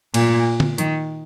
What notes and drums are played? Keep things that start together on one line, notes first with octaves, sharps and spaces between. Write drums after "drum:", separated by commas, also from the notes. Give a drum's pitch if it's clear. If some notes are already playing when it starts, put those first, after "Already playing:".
A#2, drum: cymbal
drum: tom D3
D#3, drum: hi-hat